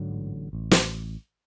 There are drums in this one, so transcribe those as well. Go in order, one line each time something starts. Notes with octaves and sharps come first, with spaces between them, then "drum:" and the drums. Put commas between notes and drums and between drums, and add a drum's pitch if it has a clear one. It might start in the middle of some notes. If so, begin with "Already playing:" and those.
Already playing: G#2 D3 F#3
A1
A1
drum: snare